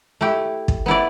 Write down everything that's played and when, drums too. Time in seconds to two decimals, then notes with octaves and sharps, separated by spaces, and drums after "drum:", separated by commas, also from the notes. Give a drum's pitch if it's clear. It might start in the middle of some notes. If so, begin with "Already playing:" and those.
0.21 A3 E4 G4
0.68 drum: kick
0.86 B3 E4 B4 D5